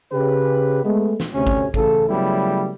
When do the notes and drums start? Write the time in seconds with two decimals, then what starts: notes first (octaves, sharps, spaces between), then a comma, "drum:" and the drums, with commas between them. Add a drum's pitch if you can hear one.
0.12 C#3 G4 B4
0.84 G#3 A3 B3
1.20 drum: snare
1.34 D2 C3 C#4
1.47 drum: kick G#1
1.74 A1 C#3 A4, drum: kick G#1
2.09 C#3 F#3 G3 A3 B3 E4